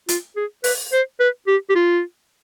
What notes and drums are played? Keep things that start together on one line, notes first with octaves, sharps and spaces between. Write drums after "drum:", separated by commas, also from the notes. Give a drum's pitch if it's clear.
F4, drum: hi-hat
G#4
B4, drum: open hi-hat
C5
B4
G4
G4
F4